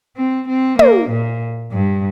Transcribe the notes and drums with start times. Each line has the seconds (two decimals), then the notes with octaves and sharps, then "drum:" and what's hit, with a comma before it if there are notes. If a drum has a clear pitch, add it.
0.17 C4
0.48 C4
0.79 A#3, drum: tom
1.10 A#2
1.72 G2